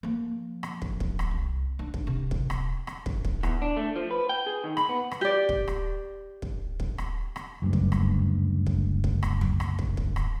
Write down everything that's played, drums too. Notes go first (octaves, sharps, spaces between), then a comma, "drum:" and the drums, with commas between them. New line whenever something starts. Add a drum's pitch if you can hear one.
F3 A#3
drum: rim click
drum: kick
drum: kick
drum: rim click
C2
D4
drum: kick
C3
drum: kick
drum: rim click
drum: rim click
drum: kick
drum: kick
E2, drum: rim click
D4
A3
F3
B4
G5
G#4
D#3
B5, drum: rim click
B3
drum: rim click
G4 D5
drum: kick
drum: rim click
drum: kick
drum: kick
drum: rim click
drum: rim click
F#1 D2 G2
drum: kick
drum: rim click
drum: kick
drum: kick
drum: rim click
drum: tom
drum: rim click
drum: kick
drum: kick
drum: rim click